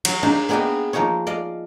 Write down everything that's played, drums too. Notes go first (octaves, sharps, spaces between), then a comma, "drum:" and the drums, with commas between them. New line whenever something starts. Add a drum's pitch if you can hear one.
F#3, drum: cymbal
D4 D#4 G#4 C5 F5
A#3 B3 G#4 D5 D#5 G5
F3 A#3 D#4 G#4 C#5
D5 D#5 F5